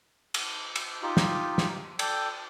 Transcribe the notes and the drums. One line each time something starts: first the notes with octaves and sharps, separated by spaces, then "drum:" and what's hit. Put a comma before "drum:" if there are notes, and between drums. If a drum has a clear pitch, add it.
drum: cymbal
drum: cymbal
D#4 F4 G4
drum: snare
drum: snare
A4 D5 G5, drum: cymbal